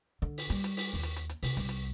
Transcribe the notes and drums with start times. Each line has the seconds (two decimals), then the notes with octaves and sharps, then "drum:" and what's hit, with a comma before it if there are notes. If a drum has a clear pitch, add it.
0.22 D3
0.38 drum: open hi-hat
0.50 G3, drum: hi-hat
0.64 drum: hi-hat
0.77 drum: open hi-hat
0.93 D#2
1.03 drum: hi-hat
1.16 drum: hi-hat
1.29 drum: hi-hat
1.43 C3, drum: open hi-hat
1.57 C2, drum: hi-hat
1.69 drum: hi-hat